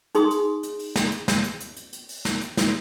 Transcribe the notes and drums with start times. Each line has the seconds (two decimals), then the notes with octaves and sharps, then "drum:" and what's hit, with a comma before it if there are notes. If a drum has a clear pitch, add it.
0.15 D#4 G#4 C6 D#6, drum: hi-hat
0.31 drum: hi-hat
0.63 drum: hi-hat
0.79 drum: open hi-hat
0.96 drum: snare
1.12 drum: hi-hat
1.28 drum: snare
1.44 drum: hi-hat
1.60 drum: hi-hat
1.76 drum: hi-hat
1.93 drum: hi-hat
2.09 drum: open hi-hat
2.25 drum: snare
2.41 drum: hi-hat
2.57 drum: snare